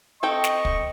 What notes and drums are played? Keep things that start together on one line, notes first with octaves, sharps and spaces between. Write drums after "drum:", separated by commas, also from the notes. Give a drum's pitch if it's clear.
C4 A4 D#5 G5 C#6
drum: snare
drum: kick